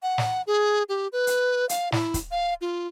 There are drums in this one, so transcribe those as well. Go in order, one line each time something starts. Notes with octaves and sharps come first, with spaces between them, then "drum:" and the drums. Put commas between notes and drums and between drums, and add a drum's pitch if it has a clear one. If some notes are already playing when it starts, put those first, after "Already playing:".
F#5
drum: snare
G#4
G4
B4
drum: hi-hat
F5, drum: hi-hat
E4, drum: snare
drum: kick, hi-hat
F5
F4